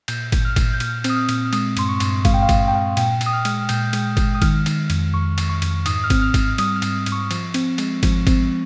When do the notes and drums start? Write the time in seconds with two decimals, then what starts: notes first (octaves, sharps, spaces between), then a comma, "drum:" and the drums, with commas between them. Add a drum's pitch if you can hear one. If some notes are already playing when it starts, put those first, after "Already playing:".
0.08 A#2 G6, drum: cymbal
0.32 A#2, drum: kick G#1, cymbal
0.45 F6
0.56 A#2, drum: kick G#1, cymbal
0.73 G6
0.80 A#2 F6, drum: cymbal
1.04 C4, drum: cymbal
1.10 D#6
1.16 F6
1.29 A#2, drum: cymbal
1.45 F6
1.53 G#3 D#6, drum: cymbal
1.77 G2 C6, drum: cymbal
1.89 C#6
2.00 G2, drum: cymbal
2.25 G#3 F5, drum: kick G#1, cymbal
2.34 G5
2.43 F5
2.49 G#3, drum: kick G#1, cymbal
2.60 F5
2.68 G5
2.73 G#3 F5
2.97 A#2 G5, drum: cymbal
3.21 A#2, drum: cymbal
3.26 D#6
3.33 F6
3.45 G#3, drum: cymbal
3.69 A#2 G6, drum: cymbal
3.93 G#3, drum: cymbal
4.17 G#3, drum: kick G#1, cymbal
4.35 D#6
4.42 D#3 F6, drum: kick G#1, cymbal
4.66 D#3, drum: cymbal
4.90 F2, drum: cymbal
5.13 F2 C#6
5.38 F2, drum: cymbal
5.49 C#6
5.62 F2, drum: cymbal
5.86 G#2 D#6, drum: cymbal
6.04 F6
6.10 C4, drum: kick G#1, cymbal
6.22 F6
6.34 G#2, drum: kick G#1, cymbal
6.40 F6
6.58 G3 D#6, drum: cymbal
6.76 F6
6.82 G#2, drum: cymbal
7.06 G#2, drum: cymbal
7.12 C#6
7.31 F3, drum: cymbal
7.54 C4, drum: cymbal
7.78 G#3, drum: cymbal
8.03 F3, drum: kick G#1, cymbal
8.27 C4, drum: kick G#1, cymbal